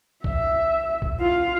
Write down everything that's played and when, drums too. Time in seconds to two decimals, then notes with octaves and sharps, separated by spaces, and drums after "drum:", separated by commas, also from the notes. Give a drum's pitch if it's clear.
0.24 E5, drum: kick B1
1.02 drum: kick B1
1.20 F4 F5